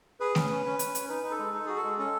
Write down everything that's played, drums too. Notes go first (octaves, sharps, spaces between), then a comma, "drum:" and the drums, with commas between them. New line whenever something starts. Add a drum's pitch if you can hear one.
G#4 B4
C#4, drum: snare A3
C#4
C#4
C#4, drum: hi-hat
C#4, drum: hi-hat
D#4 B4
D#4
A4
G#3
D#4 A4
F#4 G#4
A4
G#3
C#4 A4